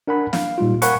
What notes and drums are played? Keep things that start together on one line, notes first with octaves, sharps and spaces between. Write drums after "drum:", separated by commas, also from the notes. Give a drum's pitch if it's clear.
D4 A#4 F#5 G#5 B5
F5, drum: snare
A#2 G3 D#4 F4
A#4 F5 F#5 G#5 B5 C#6, drum: hi-hat